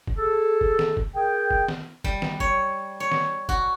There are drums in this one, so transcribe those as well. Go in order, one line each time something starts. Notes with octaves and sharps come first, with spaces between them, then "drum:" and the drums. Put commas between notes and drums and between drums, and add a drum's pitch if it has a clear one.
drum: kick
G#4 A4
drum: kick
drum: snare
drum: kick
G#4 A#4 G5
drum: kick
drum: snare
G3, drum: kick
drum: snare
C#5, drum: kick
C#5
drum: snare
F#4, drum: kick